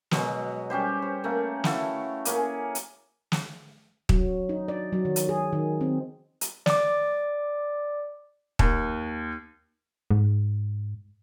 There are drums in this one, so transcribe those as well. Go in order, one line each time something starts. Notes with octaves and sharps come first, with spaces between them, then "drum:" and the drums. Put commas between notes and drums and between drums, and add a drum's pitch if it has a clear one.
B2 F#3 G#3, drum: snare
G3 C#4 G4 C5
C5
A3 A#3 C#4
E4 F#4 A4 F5, drum: snare
A#3 C#4 G#4, drum: hi-hat
drum: hi-hat
drum: snare
F#3, drum: kick
D#4
D5
F#3
D#3
drum: hi-hat
G#4
D#3
C4
drum: hi-hat
D5 D6, drum: snare
D#2, drum: kick
G#2